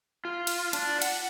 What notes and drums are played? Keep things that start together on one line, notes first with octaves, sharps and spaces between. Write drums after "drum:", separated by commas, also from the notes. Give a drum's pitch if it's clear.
F4
drum: cymbal
D4, drum: cymbal
F#5, drum: cymbal